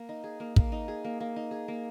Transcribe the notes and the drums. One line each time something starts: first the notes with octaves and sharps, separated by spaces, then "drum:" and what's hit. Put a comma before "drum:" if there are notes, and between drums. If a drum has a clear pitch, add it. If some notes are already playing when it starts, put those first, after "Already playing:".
Already playing: A#3
D#4
G#4
A#3
A#3, drum: kick
D#4
G#4
A#3
A#3
D#4
G#4
A#3